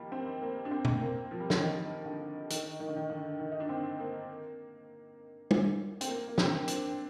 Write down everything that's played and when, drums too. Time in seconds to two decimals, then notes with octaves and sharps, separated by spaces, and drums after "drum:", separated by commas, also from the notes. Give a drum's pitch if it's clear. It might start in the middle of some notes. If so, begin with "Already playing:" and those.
Already playing: D#3 F3 G3 A#3
0.12 C4
0.42 A#3
0.65 D4
0.71 C4
0.85 drum: tom
1.01 A#3
1.31 F3
1.40 G3
1.50 F3, drum: snare
1.61 D#3
2.05 D3
2.50 D#3, drum: hi-hat
2.80 D#3
2.88 D3
2.96 D#3
3.10 D3
3.40 D#3
3.52 D#4
3.60 D4
3.69 C4
4.00 A#3
5.51 drum: tom
6.01 C4, drum: hi-hat
6.08 A#3
6.28 A#3
6.38 C4, drum: snare
6.68 D4, drum: hi-hat